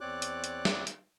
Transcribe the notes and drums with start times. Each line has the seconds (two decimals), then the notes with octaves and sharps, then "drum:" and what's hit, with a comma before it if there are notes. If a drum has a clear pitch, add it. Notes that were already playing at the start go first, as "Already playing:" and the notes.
0.01 E2 C4 C#5 D5 D6 F#6
0.22 drum: hi-hat
0.44 drum: hi-hat
0.65 drum: snare
0.87 drum: hi-hat